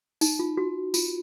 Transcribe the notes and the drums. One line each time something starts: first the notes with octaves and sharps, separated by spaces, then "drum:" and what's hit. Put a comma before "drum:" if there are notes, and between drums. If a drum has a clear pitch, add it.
D#4, drum: tambourine
F4
F#4
F4, drum: tambourine